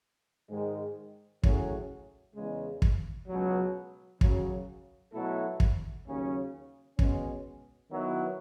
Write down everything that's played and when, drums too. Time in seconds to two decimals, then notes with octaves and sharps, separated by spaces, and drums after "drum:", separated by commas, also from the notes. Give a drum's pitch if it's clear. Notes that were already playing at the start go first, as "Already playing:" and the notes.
0.50 G#2 D#3 G#3
1.43 A2 F#3 C#4 G#4, drum: kick
2.36 E2 C#3 G#3
2.82 drum: kick
3.28 C#2 B2 F#3
4.21 F#2 C#3 F#3, drum: kick
5.13 B2 F#3 A3 E4 A4
5.60 drum: kick
6.06 D#2 C#3 F#3 C#4
6.99 B2 G#3 C#4, drum: kick
7.91 D#3 F#3 B3 E4